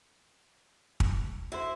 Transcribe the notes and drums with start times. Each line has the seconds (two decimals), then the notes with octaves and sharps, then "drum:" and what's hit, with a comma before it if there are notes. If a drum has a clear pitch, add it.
1.00 drum: kick
1.52 E4 F#4 C5